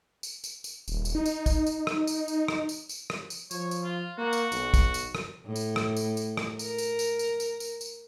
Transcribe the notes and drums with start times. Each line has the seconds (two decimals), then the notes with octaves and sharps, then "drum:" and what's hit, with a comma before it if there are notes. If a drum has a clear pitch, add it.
0.23 drum: tambourine
0.44 drum: tambourine
0.64 drum: tambourine
0.88 D#1, drum: tambourine
1.05 drum: tambourine
1.15 D#4
1.26 drum: tambourine
1.46 drum: kick, tambourine
1.67 drum: tambourine
1.87 drum: rim click
2.07 drum: tambourine
2.28 drum: tambourine
2.48 drum: rim click
2.69 drum: tambourine
2.89 drum: tambourine
3.10 drum: rim click
3.30 drum: tambourine
3.51 F3 C#5, drum: tambourine
3.71 drum: tambourine
3.83 F4
4.18 A#3 F#4
4.33 drum: tambourine
4.52 B1, drum: tambourine
4.74 drum: kick, tambourine
4.94 drum: tambourine
5.15 drum: rim click
5.45 A2
5.56 drum: tambourine
5.76 drum: rim click
5.97 drum: tambourine
6.17 drum: tambourine
6.37 drum: rim click
6.59 A#4, drum: tambourine
6.78 drum: tambourine
6.99 drum: tambourine
7.19 drum: tambourine
7.40 drum: tambourine
7.60 drum: tambourine
7.81 drum: tambourine